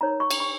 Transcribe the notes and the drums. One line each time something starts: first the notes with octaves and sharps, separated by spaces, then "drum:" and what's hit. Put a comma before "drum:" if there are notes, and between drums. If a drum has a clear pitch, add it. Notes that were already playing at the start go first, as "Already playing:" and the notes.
D#4 A#4 C#5 A#5
C#6
drum: cymbal
C#6